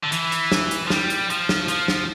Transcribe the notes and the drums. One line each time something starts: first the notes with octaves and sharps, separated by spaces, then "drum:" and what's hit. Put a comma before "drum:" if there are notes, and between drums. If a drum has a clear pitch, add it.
D3
E3, drum: hi-hat
drum: hi-hat
drum: snare
drum: hi-hat
F3
G3, drum: snare
drum: hi-hat
F3, drum: hi-hat
drum: snare
F3, drum: hi-hat
drum: snare